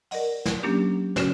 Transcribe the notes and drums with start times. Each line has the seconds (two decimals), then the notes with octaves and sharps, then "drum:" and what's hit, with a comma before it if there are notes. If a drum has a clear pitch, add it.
0.11 A#4 D5 D#5 F#5, drum: open hi-hat
0.46 drum: snare
0.63 F#3 A#3 C#4 D4 G4
1.16 C#3 C#4 F#4, drum: snare